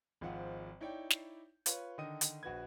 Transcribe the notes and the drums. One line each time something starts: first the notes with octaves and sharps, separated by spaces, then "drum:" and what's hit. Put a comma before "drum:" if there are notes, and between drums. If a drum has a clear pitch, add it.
G#1 G#2 F3 F4 F#5
D#4 E4 C#5 D5 G5
drum: snare
F4 B4 C#5, drum: hi-hat
D3 D#3 D#5 D#6 D#7
drum: hi-hat
A#1 F#4 B4 G#6